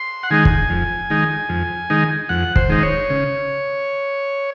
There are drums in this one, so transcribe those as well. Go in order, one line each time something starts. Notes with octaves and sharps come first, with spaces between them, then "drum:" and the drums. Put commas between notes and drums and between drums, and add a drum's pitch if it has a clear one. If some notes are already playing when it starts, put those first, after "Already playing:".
Already playing: C6
F#5
D#3 G#3 D#4 G#5
drum: kick
F2
D#3 G#3 D#4
F2
D#3 G#3 D#4
F2 F#5
C5, drum: kick
D#3 G#3 D#4
C#5
C#3